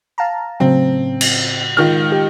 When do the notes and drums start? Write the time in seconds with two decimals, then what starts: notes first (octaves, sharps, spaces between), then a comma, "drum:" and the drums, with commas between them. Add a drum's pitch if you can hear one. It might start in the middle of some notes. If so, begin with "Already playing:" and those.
0.18 F5 A5 A#5
0.60 A2 C#3 F#3 C4
1.21 drum: cymbal
1.77 D#3 G#3 F4 F6
2.12 G4